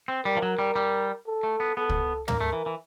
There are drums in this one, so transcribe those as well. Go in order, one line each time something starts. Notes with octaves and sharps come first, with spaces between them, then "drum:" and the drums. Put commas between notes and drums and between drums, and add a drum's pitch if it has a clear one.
C4
G3 A#4
F3
F#3
G3
G3
A4
A3
B3
B3 A4
drum: kick
A#3 A#4, drum: tom
A3
E3
E3